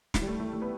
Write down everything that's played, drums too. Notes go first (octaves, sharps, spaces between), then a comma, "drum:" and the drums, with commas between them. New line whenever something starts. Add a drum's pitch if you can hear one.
E4, drum: snare
G3
A3
A3
A3
B3